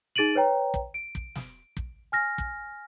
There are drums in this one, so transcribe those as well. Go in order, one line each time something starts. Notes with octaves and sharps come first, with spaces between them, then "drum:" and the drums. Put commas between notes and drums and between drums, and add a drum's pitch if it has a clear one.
D#4 G#4 A6 D7 D#7 F#7
B4 C#5 G5 A#5
drum: kick
D7
drum: kick
drum: snare
drum: kick
G#5 F6 A#6
drum: kick